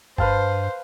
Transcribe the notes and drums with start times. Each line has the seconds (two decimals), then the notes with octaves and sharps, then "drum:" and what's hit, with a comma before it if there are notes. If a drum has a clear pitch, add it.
0.18 G2 B4 C5 F5 A5, drum: kick F#1